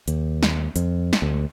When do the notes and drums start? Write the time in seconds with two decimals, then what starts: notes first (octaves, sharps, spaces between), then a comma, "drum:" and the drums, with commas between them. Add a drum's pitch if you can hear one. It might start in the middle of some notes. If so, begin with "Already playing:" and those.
0.08 D#2, drum: hi-hat
0.43 drum: snare
0.76 F2, drum: hi-hat
1.13 drum: snare
1.22 D2